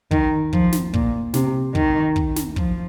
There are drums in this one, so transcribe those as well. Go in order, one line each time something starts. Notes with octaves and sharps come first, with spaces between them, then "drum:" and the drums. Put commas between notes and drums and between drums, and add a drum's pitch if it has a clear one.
D#3, drum: kick
F3, drum: kick
drum: snare
A#2, drum: kick
C3, drum: snare
D#3, drum: kick
drum: kick
drum: snare
F3, drum: kick